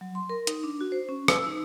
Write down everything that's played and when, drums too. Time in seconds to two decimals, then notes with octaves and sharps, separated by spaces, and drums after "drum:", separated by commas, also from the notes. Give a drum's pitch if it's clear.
0.01 F#3
0.15 C6
0.29 A#4
0.47 D#4, drum: hi-hat
0.64 D4
0.81 F#4
0.92 C5
1.09 C#4
1.28 E6, drum: rim click
1.46 D#4